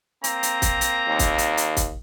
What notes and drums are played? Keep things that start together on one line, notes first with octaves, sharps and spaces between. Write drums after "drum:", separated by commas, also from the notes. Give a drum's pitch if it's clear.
A#3 C4 A#5, drum: hi-hat
drum: hi-hat
drum: kick, hi-hat
drum: hi-hat
D#2
drum: kick, hi-hat
drum: hi-hat
drum: hi-hat
drum: kick, hi-hat